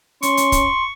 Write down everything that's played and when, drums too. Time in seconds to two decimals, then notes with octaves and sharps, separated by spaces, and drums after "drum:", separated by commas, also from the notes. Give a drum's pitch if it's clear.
0.23 C#4 C6 C#6, drum: hi-hat
0.37 drum: hi-hat
0.52 drum: kick, hi-hat